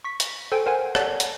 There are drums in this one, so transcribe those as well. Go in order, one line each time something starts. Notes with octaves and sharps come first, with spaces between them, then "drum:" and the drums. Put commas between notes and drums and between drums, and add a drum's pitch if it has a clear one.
C#6 B6
drum: hi-hat
A4 C5 G5 G#5
A#4 C5 F#5 G#5
A4 C#5 D5 F#5 A5, drum: rim click
drum: hi-hat